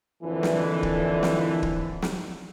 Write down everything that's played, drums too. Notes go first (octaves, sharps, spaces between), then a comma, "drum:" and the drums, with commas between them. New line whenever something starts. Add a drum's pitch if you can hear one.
F2 A#2 D3 E3
drum: snare
drum: kick
drum: snare
drum: kick
drum: snare